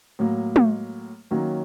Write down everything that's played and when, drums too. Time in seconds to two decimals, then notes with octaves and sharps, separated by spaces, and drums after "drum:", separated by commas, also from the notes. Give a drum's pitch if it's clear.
0.19 A2 F#3 A#3
0.56 drum: tom
1.31 D#3 F#3 A#3 C#4